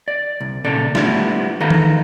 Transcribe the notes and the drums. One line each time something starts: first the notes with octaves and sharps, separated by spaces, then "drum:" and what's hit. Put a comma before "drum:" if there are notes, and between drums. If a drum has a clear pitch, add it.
D5
C2
A#2 C#3 A4 D5
G3 A3 B3 D4 E4 F4, drum: snare
D#3 A4 B4 D#5 F5 A#5
drum: tom E3